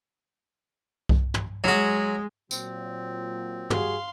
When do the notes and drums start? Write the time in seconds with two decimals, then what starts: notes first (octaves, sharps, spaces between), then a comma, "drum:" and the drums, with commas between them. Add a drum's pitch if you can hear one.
1.09 drum: kick C2
1.34 drum: tom
1.64 F#3 G#3 F#4
2.51 A#2 F#3 C4, drum: tambourine
3.70 G3 F#4 G#4 F5 C6, drum: tom